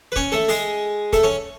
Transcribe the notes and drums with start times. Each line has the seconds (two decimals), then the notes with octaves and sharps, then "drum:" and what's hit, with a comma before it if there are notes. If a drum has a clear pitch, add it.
0.12 B4
0.16 C#4 C#5, drum: kick
0.32 A3 A4
0.48 G#3 G#4, drum: open hi-hat
1.13 A3 A4, drum: kick, hi-hat
1.23 C#4 C#5